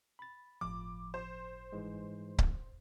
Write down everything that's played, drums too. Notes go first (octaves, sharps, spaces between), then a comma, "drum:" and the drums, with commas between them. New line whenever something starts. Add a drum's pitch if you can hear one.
B5 A6
G1 A2 F3 D6
C5
G#2 E3 G#3
drum: kick C#1